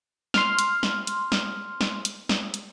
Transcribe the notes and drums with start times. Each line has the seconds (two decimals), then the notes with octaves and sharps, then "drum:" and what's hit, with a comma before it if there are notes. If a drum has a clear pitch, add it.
0.34 C6 F6, drum: snare
0.59 drum: hi-hat
0.83 drum: snare
1.07 drum: hi-hat
1.32 drum: snare
1.81 drum: snare
2.05 drum: hi-hat
2.29 drum: snare
2.54 drum: hi-hat